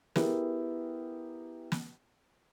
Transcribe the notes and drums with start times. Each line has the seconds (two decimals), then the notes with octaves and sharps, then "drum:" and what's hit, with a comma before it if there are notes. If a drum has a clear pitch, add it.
0.16 B3 E4 G4 G#4 A#4, drum: snare
1.72 drum: snare